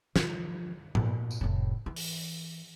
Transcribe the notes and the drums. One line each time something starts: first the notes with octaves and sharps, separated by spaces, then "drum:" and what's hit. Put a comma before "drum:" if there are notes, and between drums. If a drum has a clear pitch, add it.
E3 F3, drum: snare
A#2 A3, drum: tom G#2
drum: tambourine
F1 A2
E3
drum: open hi-hat